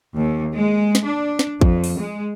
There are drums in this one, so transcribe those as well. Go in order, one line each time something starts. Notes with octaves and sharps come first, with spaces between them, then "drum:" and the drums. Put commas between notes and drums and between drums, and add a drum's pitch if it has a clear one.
D#2
G#3
drum: snare
D4
drum: snare
F2, drum: kick A1
drum: open hi-hat
G#3